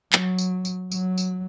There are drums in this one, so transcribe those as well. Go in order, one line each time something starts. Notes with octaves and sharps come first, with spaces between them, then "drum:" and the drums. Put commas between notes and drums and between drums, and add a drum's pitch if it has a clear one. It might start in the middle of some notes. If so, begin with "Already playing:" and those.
F#3, drum: clap
drum: tambourine
drum: tambourine
F#3, drum: tambourine
drum: tambourine